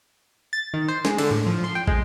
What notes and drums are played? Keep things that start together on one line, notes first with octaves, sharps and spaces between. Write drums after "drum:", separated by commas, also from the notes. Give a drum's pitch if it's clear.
A6
D#3
C5
G#3, drum: snare
D3, drum: cymbal
A2
F3
C6
G5
G#3, drum: kick